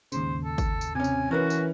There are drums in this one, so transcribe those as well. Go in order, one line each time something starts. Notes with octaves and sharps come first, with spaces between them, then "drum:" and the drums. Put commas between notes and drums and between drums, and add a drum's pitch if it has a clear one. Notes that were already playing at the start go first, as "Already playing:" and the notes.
D#2 G#2 C#3 C5, drum: tambourine
A4
drum: kick, tambourine
drum: tambourine
C3 C#4 G#5
drum: tambourine
E3 C#4 F#4 A#4 B4
drum: tambourine